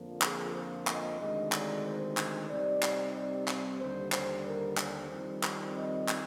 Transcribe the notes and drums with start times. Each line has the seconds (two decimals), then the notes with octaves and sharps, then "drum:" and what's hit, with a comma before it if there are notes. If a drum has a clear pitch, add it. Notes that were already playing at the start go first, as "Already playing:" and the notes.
Already playing: F2 D3 F3 A#3
0.21 G#4, drum: clap
0.54 C5
0.87 D#5, drum: clap
1.19 D2 C3 D#3 G#3 D4 D#5
1.52 D5, drum: clap
1.85 C5
2.17 drum: clap
2.50 C3 G3 C4 D#4 D5
2.83 D5, drum: clap
3.15 D5
3.48 C5, drum: clap
3.80 D#2 D3 G3 C5
4.12 C5, drum: clap
4.46 A#4
4.77 C5, drum: clap
5.10 F2 D#3 G3 C4
5.43 drum: clap
5.76 D#5
6.08 drum: clap